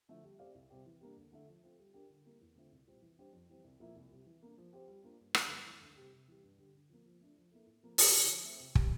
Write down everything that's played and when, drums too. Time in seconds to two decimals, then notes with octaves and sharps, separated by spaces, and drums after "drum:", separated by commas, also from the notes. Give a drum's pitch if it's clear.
0.09 D3 F3 A3 E4
0.24 G3
0.39 C4 G4 D5 F5
0.55 C2
0.70 C3 G3 C4 G4
0.86 E3
1.01 G3 A#3 D4
1.17 D2
1.32 D3 A3 E4 A4
1.48 F3
1.63 C4 F4 A4
1.79 G3
1.94 D4 G4 A#4
2.10 D3
2.25 G3 A#3 E4 A#4
2.41 E2
2.56 D3 A3 C4 F4
2.72 C2
2.87 A#2 G3 C4
3.02 E3
3.19 G3 D4 G4 C5
3.33 F2
3.50 E3 G3 C4
3.64 C2
3.80 A#2 F3 A#3 E4
3.96 C2
4.11 C3 G3
4.26 E3
4.42 A#3 D4
4.58 F3
4.73 C4 G4 C5
4.88 G3
5.03 A#3 D4 F4
5.20 G2
5.35 D3 G3, drum: rim click
5.50 G2
5.66 E3 A3
5.81 D2
5.96 C3 G3 C4 G4
6.13 C3
6.28 E3 G3
6.44 G2
6.58 D3 G3
6.75 D3
6.89 F3 A#3
7.06 F3
7.21 A3 D4
7.36 F3
7.51 A#3 E4 A4
7.67 A2
7.83 F3 A#3
7.98 G2, drum: open hi-hat
8.14 D3 F3
8.29 F3
8.44 A3 C4
8.60 C3
8.75 G3 C4 G4, drum: kick